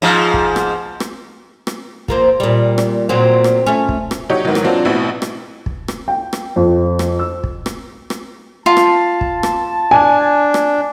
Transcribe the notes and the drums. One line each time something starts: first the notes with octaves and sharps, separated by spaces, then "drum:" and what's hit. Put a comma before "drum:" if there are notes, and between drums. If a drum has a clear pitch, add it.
G#2 F3
drum: kick
drum: rim click
drum: rim click
drum: rim click
F3 A#3 C4, drum: kick
A#2 G3
drum: rim click
A#2 F#3 C4
drum: rim click
A3 C#4
drum: kick
drum: rim click
F#3 D#4 G4 C#5
G#2 D#3 E3 F#3
drum: rim click
F#3 C4 D4 F4
A1 B2 E4 F#4
drum: rim click
drum: kick
drum: rim click
G5
drum: rim click
F2
drum: rim click
E6
drum: kick
drum: rim click
drum: rim click
F4 A5
drum: rim click
drum: kick
drum: rim click
D4 G#5
drum: rim click